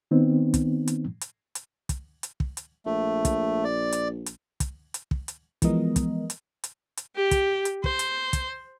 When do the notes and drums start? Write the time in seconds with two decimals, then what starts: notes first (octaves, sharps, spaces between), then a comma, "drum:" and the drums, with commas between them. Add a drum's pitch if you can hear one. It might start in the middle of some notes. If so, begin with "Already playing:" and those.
0.11 D#3 B3 C4 D#4
0.54 drum: kick, hi-hat
0.88 drum: hi-hat
1.21 drum: hi-hat
1.55 drum: hi-hat
1.89 drum: kick, hi-hat
2.23 drum: hi-hat
2.40 drum: kick
2.57 drum: hi-hat
2.86 A#1 A3
3.25 drum: kick, hi-hat
3.65 D5
3.92 drum: hi-hat
4.26 drum: hi-hat
4.60 drum: kick, hi-hat
4.94 drum: hi-hat
5.11 drum: kick
5.28 drum: hi-hat
5.62 E3 F3 G#3 B3 A#4 D#5, drum: kick, hi-hat
5.96 drum: kick, hi-hat
6.30 drum: hi-hat
6.64 drum: hi-hat
6.97 drum: hi-hat
7.16 G4
7.31 drum: kick, hi-hat
7.65 drum: hi-hat
7.84 C5, drum: kick
7.99 drum: hi-hat
8.33 drum: kick, hi-hat